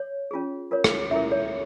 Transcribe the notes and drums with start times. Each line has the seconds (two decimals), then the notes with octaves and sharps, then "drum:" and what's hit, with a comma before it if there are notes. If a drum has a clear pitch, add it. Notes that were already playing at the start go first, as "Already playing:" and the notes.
Already playing: C#5
0.31 C#4 F4 G#4
0.71 F4 A#4 C#5
0.84 drum: rim click
1.11 C#4 E4 A#4 E5
1.31 C#5